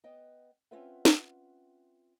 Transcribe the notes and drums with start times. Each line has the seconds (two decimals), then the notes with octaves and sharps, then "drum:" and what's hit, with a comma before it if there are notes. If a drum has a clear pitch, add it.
0.04 B3 D#5 G5
0.71 C4 C#4 F4 B4 E5 F#5
1.05 drum: snare